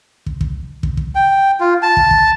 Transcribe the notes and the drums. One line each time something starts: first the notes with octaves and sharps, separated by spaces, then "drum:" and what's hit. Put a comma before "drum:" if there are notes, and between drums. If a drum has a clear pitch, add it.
drum: kick
drum: kick
drum: kick
drum: kick
G5
F4
A5
drum: kick
drum: kick